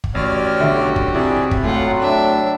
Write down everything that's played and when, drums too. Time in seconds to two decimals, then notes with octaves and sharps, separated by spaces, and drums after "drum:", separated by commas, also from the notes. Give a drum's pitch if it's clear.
0.04 drum: kick
0.15 A1 F#4 G4 C#5 D5 F6
0.60 B1 D3 E5
0.96 drum: kick
1.14 C3 E4 G#4 D5
1.51 drum: kick
1.64 A2 F#3 A3 F4 F#5
2.00 D4 E5